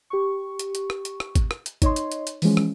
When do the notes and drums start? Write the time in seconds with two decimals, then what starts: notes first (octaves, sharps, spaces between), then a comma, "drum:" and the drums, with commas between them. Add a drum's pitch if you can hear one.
0.10 G4 C#6
0.59 drum: hi-hat
0.75 drum: hi-hat
0.90 drum: rim click
1.05 drum: hi-hat
1.20 drum: rim click
1.35 drum: kick G#1, hi-hat
1.51 drum: rim click
1.66 drum: hi-hat
1.82 D#4 C#5 D#5 C6, drum: kick G#1, hi-hat
1.96 drum: hi-hat
2.12 drum: hi-hat
2.27 drum: hi-hat
2.42 E3 F3 G#3 C#4, drum: open hi-hat
2.57 drum: rim click